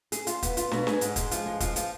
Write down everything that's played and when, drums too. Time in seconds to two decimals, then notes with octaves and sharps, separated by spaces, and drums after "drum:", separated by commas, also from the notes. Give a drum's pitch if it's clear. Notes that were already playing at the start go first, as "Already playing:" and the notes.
0.12 G#4, drum: hi-hat
0.27 F4, drum: hi-hat
0.43 B3, drum: kick, hi-hat
0.57 F4, drum: hi-hat
0.72 B2, drum: snare
0.87 G#4, drum: snare
1.01 G#2, drum: hi-hat
1.16 G#3, drum: kick, hi-hat
1.31 F3, drum: hi-hat
1.46 G#3
1.60 F3, drum: kick, hi-hat
1.76 F3, drum: hi-hat